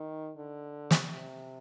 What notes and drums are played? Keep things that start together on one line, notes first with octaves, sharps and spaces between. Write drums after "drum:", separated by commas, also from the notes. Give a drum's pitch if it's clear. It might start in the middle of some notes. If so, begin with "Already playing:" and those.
Already playing: D#3
D3
drum: snare
C3